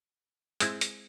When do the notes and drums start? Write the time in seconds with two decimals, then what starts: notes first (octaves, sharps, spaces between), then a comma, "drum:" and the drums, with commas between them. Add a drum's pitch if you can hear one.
0.60 G#3 C4 E4, drum: hi-hat
0.81 drum: hi-hat